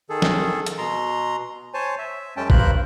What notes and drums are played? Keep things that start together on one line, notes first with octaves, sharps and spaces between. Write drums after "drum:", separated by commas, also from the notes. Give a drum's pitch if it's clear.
D#3 G#4 A4
drum: snare
drum: hi-hat
B2 A#5 C6
C5 C#5 G#5 A5
E5
F#2 G#3 C#4 G5 A5
G2 A#3 A#4 C5 B5 F#6, drum: kick